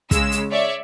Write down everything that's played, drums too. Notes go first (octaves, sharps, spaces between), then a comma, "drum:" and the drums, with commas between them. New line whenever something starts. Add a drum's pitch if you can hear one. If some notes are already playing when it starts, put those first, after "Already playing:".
C#3 G#3 E6, drum: kick, hi-hat
drum: hi-hat
C#5 D5 E5